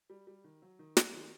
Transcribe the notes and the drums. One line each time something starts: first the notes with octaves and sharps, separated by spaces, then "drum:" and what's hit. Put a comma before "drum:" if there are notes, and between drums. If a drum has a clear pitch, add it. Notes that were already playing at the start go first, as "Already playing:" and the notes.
G3
G3
D#3
F#3
D#3
F#3, drum: snare
D#3